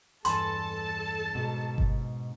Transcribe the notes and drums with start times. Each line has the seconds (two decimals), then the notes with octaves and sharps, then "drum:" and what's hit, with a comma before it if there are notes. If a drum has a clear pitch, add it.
0.25 E2 G2 A4 G#5 A5 B5 C6, drum: hi-hat
1.35 G#2 B2
1.78 drum: kick G1